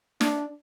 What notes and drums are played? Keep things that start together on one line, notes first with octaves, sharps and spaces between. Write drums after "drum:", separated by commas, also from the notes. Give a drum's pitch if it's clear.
D4, drum: snare